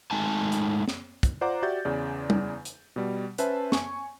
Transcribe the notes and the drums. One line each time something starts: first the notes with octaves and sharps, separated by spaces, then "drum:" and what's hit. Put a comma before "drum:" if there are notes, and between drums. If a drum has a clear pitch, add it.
G#3 A3 D#4 G#5 A5
drum: hi-hat
drum: snare
drum: kick, hi-hat
F4 C5 D5 F#5 A#5 D6
F#4 G4 D5 E5 G6 A6
E2 C#3 D5
drum: tom G3
drum: hi-hat
B2 G3
C#4 B4 C5 E5 A5, drum: hi-hat
G#5 C#6, drum: snare